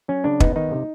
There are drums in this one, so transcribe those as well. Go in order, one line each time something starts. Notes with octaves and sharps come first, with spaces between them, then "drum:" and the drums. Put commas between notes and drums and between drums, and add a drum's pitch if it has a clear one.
F#3 C#4
C#3 D4
B3 D#4, drum: kick
D#3 D#4
C3